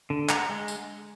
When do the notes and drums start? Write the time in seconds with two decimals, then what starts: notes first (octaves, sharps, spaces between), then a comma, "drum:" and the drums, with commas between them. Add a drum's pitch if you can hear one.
0.10 D3
0.29 G#3 F#5 A#5, drum: clap
0.49 G#3
0.68 drum: tambourine